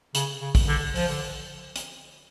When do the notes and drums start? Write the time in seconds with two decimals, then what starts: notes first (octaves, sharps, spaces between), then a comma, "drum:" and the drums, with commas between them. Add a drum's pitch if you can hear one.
0.15 C#3, drum: hi-hat
0.41 C#3
0.55 drum: kick, open hi-hat
0.68 D3
0.96 F3, drum: open hi-hat
1.08 D3
1.76 drum: hi-hat